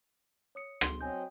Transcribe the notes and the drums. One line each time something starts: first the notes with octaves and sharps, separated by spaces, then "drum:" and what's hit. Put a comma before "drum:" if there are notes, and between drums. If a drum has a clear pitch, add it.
C#5 D#6 C#7
G#4 C6 G7, drum: rim click
F#3 C4 D#5 G#5 G6